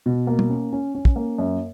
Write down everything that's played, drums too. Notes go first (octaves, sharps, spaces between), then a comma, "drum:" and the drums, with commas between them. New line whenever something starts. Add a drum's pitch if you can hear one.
B2
A#3
drum: tom
C#4
C#4
C#4
drum: kick
A#3
F#2